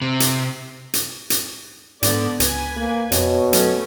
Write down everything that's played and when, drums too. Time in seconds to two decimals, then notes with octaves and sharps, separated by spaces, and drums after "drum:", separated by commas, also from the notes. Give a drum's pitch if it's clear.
0.02 C3
0.20 drum: hi-hat
0.93 drum: hi-hat
1.30 drum: hi-hat
2.03 G#2 D3 B3 D5, drum: hi-hat
2.40 C#2 B4 G#5, drum: hi-hat
2.77 A#3
3.12 F2 B2 C#5, drum: hi-hat
3.53 F#3 A3 C#4, drum: hi-hat